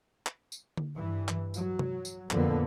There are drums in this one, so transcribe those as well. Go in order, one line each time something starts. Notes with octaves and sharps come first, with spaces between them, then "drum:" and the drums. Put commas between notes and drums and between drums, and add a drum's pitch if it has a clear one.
drum: clap
drum: tambourine
drum: tom D3
G2 E3
drum: clap
F#3, drum: tambourine
drum: tom C3
drum: tambourine
F2 A#2 D3 A#3 B3, drum: clap